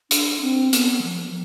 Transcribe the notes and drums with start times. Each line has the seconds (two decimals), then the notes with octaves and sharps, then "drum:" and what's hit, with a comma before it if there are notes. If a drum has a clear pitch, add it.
0.11 D4, drum: hi-hat
0.42 C4
0.73 B3, drum: hi-hat
1.03 F3